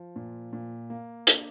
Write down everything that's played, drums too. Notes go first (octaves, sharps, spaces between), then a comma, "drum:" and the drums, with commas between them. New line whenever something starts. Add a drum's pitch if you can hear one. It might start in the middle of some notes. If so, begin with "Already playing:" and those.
Already playing: F3
A#2
A#2
A#3
D4, drum: hi-hat